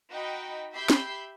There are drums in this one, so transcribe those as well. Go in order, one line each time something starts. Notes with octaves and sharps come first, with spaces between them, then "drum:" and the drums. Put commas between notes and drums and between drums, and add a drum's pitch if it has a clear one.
D#4 F#4 D#5 G5 B5
G4 E5 B5 G6 C7
drum: snare